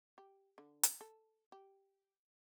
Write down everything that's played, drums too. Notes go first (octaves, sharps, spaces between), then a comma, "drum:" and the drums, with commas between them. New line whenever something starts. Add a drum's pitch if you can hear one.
G4
D3
drum: hi-hat
A4
G4